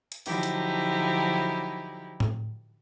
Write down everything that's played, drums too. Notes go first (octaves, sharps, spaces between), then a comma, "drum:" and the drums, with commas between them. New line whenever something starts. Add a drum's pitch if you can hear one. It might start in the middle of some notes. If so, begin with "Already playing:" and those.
drum: hi-hat
D3 F3 F#3 D#4 E4 G4, drum: open hi-hat
drum: hi-hat
drum: tom A2